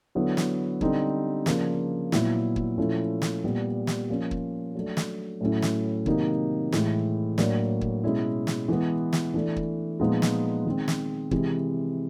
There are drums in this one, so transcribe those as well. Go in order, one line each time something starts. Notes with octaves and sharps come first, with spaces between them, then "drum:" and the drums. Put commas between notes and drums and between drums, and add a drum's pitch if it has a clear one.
D3 F#3 B3 E4
drum: snare
D3 G3 C4 D#4, drum: kick
C#3 F3 A#3 D4, drum: snare
A#2 F#3 B3 E4, drum: snare
drum: kick
A#2 F3 A3 C#4 E4
drum: snare
A#2 G3 B3
drum: snare
F3 A#3 C#4
drum: kick
F#3 A3 D4
drum: snare
A2 F#3 A3 C#4 E4
drum: snare
C3 D#3 F#3 A#3 D#4, drum: kick
A2 E3 G#3, drum: snare
A2 F#3 A#3 D4, drum: snare
drum: kick
B2 G#3 C#4 E4
drum: snare
E3 G#3 B3
drum: snare
E3 A3 D4
drum: kick
A#2 F3 G#3 B3 D#4
drum: snare
D#3 G#3 C4
drum: snare
C3 E3 G#3, drum: kick